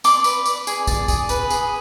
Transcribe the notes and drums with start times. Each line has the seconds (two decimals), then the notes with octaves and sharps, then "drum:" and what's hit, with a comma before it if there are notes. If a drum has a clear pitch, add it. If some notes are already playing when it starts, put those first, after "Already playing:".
0.04 D5 C6 D6, drum: tambourine
0.24 B4, drum: tambourine
0.46 D5, drum: tambourine
0.67 G#4, drum: tambourine
0.87 D5, drum: kick, tambourine
1.08 G#4, drum: kick, tambourine
1.29 B4, drum: tambourine
1.50 G#4, drum: tambourine